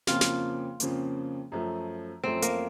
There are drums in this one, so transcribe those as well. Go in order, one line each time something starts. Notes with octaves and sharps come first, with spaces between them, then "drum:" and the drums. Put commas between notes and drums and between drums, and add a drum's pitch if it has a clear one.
F2 C#3 F3 A#3 F4, drum: snare
drum: snare
F2 C#3 F3 A#3, drum: hi-hat
F#2 F3 A3
F#2 F3 A3 C4
A#3, drum: hi-hat